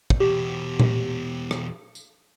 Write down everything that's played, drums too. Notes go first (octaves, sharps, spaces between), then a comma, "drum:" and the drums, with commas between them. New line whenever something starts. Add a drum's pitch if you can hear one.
drum: kick
E2 B2 G4
drum: tom A#2
drum: rim click
drum: tambourine